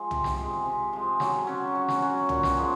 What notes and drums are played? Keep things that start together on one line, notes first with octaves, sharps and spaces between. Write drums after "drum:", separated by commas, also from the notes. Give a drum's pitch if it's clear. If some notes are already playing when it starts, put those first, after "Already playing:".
Already playing: F3 G#3
C3, drum: tom
drum: snare
F3 G#3
C3
F3 G#3
F#3, drum: snare
C#4 F#4
F#3
drum: snare
C#4 F#4
A#2, drum: tom
drum: snare
F3 G#3